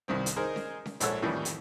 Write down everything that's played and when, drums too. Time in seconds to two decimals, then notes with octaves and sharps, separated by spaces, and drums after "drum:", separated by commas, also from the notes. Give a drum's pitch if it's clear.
0.08 C2 G2 D#3 C4
0.26 drum: hi-hat
0.36 D#4 G#4 A#4 C5
0.56 drum: snare C#4
0.86 drum: snare C#4
1.00 A#1 G#2 A4 C#5 F#5 E6, drum: hi-hat
1.22 F2 A2 D#3 E3 G3
1.45 drum: hi-hat